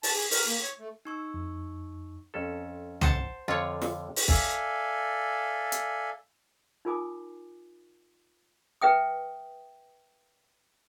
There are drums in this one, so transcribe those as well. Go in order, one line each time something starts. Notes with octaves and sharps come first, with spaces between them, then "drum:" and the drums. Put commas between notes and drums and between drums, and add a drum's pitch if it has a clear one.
A5, drum: open hi-hat
G#4
A#4, drum: open hi-hat
A#3
C#5
A3
D#4 C#6 E6
F2
F2 C#4 A4
C5 F#5 A5, drum: tom
F2 D3 F4 C#5 F#5
drum: snare
drum: open hi-hat
A4 D5 E5 F5 G#5, drum: kick
drum: hi-hat
D#4 F4 A#4 G#5 D6 D#6
B4 E5 G5 D#6